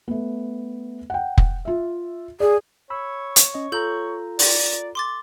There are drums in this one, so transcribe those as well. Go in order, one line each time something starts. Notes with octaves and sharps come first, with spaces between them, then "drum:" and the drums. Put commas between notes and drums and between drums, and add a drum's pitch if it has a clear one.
A3 B3
F#5 G5
drum: kick
F4 E5
G#4 D5
C#5 B5 E6
drum: hi-hat
C#4 D#5
F4 A4 A#5 G6 F#7
D5, drum: open hi-hat
C6 D6 A6